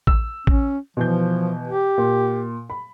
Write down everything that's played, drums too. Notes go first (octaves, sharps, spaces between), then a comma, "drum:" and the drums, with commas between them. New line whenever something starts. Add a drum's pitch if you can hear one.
E6, drum: kick A1
C#4, drum: kick A1
B2 E3 F3 G6
G4
A#2
B5